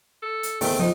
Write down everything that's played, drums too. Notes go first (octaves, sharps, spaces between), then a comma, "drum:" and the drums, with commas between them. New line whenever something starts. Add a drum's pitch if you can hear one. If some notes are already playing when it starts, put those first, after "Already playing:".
A4
drum: hi-hat
E2 D#3 A3 C4, drum: open hi-hat
F3 D#4